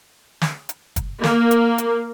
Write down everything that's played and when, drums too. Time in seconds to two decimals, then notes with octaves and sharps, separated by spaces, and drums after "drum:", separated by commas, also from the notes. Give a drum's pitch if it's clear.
0.42 drum: snare
0.69 drum: hi-hat
0.96 drum: kick, hi-hat
1.24 A#3, drum: snare
1.51 drum: hi-hat
1.78 drum: hi-hat